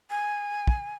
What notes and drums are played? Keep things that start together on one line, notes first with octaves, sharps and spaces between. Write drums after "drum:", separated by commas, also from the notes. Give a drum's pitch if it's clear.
G#5
drum: kick